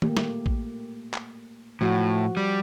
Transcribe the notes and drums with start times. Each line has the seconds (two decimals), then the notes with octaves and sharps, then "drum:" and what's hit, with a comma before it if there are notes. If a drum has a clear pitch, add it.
0.02 A3 A#3 G4, drum: tom
0.17 drum: snare
0.46 drum: kick A1
1.14 drum: clap
1.81 A2 F3 F#4
2.37 G3